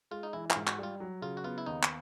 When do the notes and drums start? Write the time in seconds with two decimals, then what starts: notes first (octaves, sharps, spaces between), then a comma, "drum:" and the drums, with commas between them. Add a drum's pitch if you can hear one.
0.11 G#3 F4
0.23 D#4
0.33 E3 E4
0.50 F4, drum: clap
0.56 G#2
0.67 F#4, drum: clap
0.79 G3 F4
1.00 F#3
1.22 C#3 F4
1.37 F#4
1.44 B3 F4
1.58 E4
1.66 D#2 D#4
1.83 drum: clap